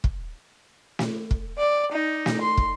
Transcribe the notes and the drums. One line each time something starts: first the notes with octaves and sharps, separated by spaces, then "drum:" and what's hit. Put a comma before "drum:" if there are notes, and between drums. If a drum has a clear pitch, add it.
drum: kick
drum: snare
drum: kick
D5
D#4
drum: snare
C6
drum: kick